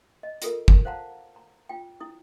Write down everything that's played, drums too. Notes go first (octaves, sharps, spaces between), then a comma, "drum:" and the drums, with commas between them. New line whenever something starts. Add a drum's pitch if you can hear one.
D#5
F4 A4 A#4, drum: hi-hat
drum: kick
C5 F5 F#5 A5 A#5
A#5
F4 G5
E4 D#6